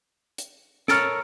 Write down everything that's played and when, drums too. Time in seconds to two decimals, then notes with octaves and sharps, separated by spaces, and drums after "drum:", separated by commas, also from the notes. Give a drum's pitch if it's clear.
0.38 drum: hi-hat
0.88 A4 A#4 C#5 F6 A6 D7, drum: snare